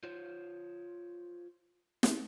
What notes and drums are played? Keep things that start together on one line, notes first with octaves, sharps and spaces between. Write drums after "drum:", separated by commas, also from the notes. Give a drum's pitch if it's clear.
F4 C5 C#5
drum: snare